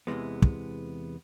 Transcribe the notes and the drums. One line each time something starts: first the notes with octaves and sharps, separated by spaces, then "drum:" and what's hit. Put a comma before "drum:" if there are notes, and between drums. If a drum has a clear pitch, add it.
E2 C3 E3 G#3 B3
drum: kick